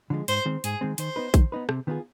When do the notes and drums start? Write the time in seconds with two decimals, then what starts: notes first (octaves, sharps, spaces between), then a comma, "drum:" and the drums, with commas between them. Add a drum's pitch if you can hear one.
0.10 D3 F3 G#3
0.28 G#2 C5, drum: hi-hat
0.45 D#3 G#3 C4
0.64 G#2 G#4, drum: hi-hat
0.81 D#3 G#3 C4
0.98 D#3 C5, drum: hi-hat
1.16 B3 D#4 B4
1.34 D#3, drum: kick A#1, hi-hat
1.52 B3 D#4 B4
1.69 C3, drum: rim click
1.87 D#3 B3 F4 G#4